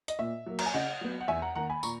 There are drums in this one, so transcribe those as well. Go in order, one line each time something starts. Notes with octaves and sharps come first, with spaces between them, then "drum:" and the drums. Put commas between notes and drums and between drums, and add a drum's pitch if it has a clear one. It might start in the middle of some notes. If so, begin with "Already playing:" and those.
D#5, drum: hi-hat
A#2 E5
F#3 A#3
A#5, drum: cymbal
G#5
C#3 D#5 F#5
F#3 B3
F#5
E2 E5 G#5
F#5 A#5
D#3 A#3 F#5 A#5
G#5 B5
A#2 A#5 C#6, drum: tambourine